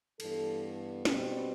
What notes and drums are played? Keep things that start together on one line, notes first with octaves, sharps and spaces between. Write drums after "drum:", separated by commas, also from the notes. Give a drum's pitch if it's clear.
G2 E3 B3 A4, drum: cymbal
B2 G3 C4, drum: snare